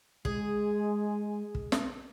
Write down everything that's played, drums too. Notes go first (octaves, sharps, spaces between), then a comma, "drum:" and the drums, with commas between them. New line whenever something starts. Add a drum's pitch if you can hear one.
G#3 G#4, drum: kick
drum: kick
drum: snare